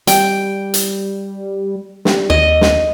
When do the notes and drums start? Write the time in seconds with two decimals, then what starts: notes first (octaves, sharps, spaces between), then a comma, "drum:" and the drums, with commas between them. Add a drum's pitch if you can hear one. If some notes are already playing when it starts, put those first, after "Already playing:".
0.07 G3 G5, drum: hi-hat
0.74 drum: hi-hat
2.05 G3, drum: snare
2.30 D#2 D#5
2.61 drum: snare